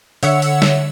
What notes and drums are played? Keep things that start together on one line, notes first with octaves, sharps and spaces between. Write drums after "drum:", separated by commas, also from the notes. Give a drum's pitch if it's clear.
D3 C#5 E5 F#5 E6 C#7, drum: open hi-hat
drum: open hi-hat
drum: snare